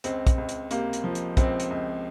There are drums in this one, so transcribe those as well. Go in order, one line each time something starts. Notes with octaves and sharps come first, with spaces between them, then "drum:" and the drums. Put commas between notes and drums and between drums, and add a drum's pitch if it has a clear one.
C#2 C4, drum: hi-hat
drum: kick, hi-hat
C#2
drum: hi-hat
C3 A#3, drum: hi-hat
drum: hi-hat
F3
drum: hi-hat
C#2 C4, drum: kick, hi-hat
drum: hi-hat
C#2